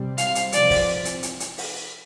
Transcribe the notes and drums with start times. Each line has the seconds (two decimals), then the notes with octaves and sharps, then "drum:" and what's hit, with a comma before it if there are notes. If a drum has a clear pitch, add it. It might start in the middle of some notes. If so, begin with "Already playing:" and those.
Already playing: C3 G3 C4
0.18 F5, drum: hi-hat
0.35 drum: hi-hat
0.52 C3 F3 C4 D5, drum: hi-hat
0.70 drum: kick, open hi-hat
1.05 drum: hi-hat
1.23 drum: hi-hat
1.40 drum: hi-hat
1.58 drum: open hi-hat